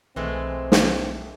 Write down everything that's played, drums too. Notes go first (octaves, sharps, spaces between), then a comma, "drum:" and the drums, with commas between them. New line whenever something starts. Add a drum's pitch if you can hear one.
B1 E3 G#3 A3 C4
drum: snare